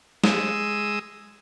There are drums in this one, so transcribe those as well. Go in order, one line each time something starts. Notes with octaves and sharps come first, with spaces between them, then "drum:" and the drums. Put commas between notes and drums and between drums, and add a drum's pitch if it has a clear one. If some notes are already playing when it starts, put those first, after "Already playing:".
G#3 D#6 E6, drum: snare